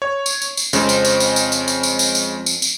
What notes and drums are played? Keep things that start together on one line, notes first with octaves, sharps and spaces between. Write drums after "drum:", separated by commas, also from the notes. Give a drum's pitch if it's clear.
C#5
drum: tambourine
drum: tambourine
drum: tambourine
F2 C#3 G#3 C4 C#4, drum: tambourine
drum: tambourine
drum: tambourine
drum: tambourine
drum: tambourine
drum: tambourine
drum: tambourine
drum: tambourine
drum: tambourine
drum: tambourine
drum: tambourine
drum: tambourine